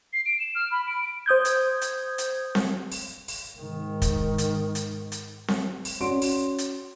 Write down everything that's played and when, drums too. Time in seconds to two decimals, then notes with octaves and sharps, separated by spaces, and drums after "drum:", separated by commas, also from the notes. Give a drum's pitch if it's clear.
0.13 C7
0.26 D7
0.40 E7
0.55 F6
0.71 B5
0.87 D7
1.03 D7
1.26 C5 D#6 G6 G#6
1.45 drum: hi-hat
1.82 drum: hi-hat
2.18 drum: hi-hat
2.55 drum: snare C4
2.92 drum: open hi-hat
3.28 drum: open hi-hat
3.58 G#2 D#3
4.02 drum: kick, hi-hat
4.38 drum: hi-hat
4.75 drum: hi-hat
5.12 drum: hi-hat
5.48 drum: snare C4
5.85 drum: open hi-hat
6.01 C#4 F#4 D5 C6 D7
6.22 drum: open hi-hat
6.58 drum: hi-hat